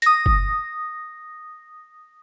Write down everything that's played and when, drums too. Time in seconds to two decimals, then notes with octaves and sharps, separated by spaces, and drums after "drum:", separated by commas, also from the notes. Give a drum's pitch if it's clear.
0.02 D#6 A#6, drum: hi-hat
0.26 drum: kick G1